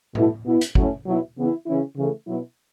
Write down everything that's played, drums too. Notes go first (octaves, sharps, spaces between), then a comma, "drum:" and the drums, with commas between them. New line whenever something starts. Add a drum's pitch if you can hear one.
B2 A3 E4, drum: tom A2
B2 B3 E4
drum: hi-hat
A2 F#3 A3 C#4 E4, drum: kick
B2 F#3 B3 E4
C#3 E3 B3 E4
C#3 E3 C#4 E4
C#3 E3 A3
B2 F#3 B3 E4